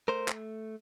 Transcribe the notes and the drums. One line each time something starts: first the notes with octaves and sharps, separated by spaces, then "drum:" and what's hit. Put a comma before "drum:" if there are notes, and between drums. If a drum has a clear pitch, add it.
A3 A#4 C5
drum: clap